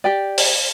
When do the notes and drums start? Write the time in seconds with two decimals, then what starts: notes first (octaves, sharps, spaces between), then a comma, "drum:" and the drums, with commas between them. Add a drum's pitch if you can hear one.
0.04 G4 D5 G5
0.38 drum: open hi-hat